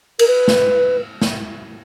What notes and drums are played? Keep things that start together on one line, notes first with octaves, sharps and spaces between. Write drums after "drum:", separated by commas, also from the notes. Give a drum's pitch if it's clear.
A#4, drum: cymbal
B4
drum: snare
drum: snare